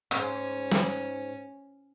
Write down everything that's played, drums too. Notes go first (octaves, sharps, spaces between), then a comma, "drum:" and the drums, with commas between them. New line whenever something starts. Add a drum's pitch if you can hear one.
F#2, drum: rim click
G#2 C#4
drum: snare